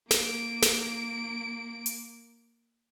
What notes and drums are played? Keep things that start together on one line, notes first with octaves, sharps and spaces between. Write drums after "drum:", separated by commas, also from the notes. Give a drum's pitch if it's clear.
A#3 D7, drum: snare
drum: snare
drum: hi-hat